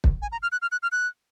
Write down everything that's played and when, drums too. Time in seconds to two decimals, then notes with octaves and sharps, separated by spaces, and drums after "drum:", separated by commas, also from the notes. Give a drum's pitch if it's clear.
0.04 drum: kick
0.22 G#5
0.32 A#5
0.42 F6
0.52 F#6
0.62 F6
0.72 F#6
0.83 F6
0.92 F#6